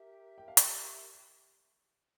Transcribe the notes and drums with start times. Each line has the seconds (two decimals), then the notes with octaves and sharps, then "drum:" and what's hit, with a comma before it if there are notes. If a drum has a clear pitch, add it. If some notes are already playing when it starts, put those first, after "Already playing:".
Already playing: G4 A#4 E5
0.38 G5
0.48 F5
0.57 G5, drum: hi-hat